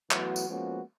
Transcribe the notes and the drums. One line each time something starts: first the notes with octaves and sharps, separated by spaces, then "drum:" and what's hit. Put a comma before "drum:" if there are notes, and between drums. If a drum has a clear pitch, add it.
E3 F#3 A3 B3 F#4, drum: clap
drum: tambourine
F3 G#3 A#3 B3 C#4 F#4